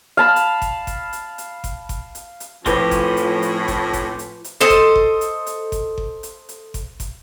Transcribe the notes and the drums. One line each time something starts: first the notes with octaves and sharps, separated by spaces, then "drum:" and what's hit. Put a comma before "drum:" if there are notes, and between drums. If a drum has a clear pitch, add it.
F5 A5 B5
drum: hi-hat
drum: kick G1, hi-hat
drum: kick G1, hi-hat
drum: hi-hat
drum: hi-hat
drum: kick G1, hi-hat
drum: kick G1, hi-hat
drum: hi-hat
drum: hi-hat
A2 F3 C4 C#4 F4 G4 B4 C5, drum: kick G1, hi-hat
drum: kick G1, hi-hat
drum: hi-hat
drum: hi-hat
drum: kick G1, hi-hat
drum: kick G1, hi-hat
drum: hi-hat
drum: hi-hat
A4 C5 D#5
drum: kick G1, hi-hat
drum: kick G1
drum: hi-hat
drum: hi-hat
drum: kick G1, hi-hat
drum: kick G1
drum: hi-hat
drum: hi-hat
drum: kick G1, hi-hat
drum: kick G1, hi-hat